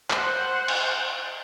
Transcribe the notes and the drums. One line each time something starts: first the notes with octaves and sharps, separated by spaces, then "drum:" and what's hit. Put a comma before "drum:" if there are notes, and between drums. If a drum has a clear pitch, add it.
C5 F#5, drum: clap
drum: cymbal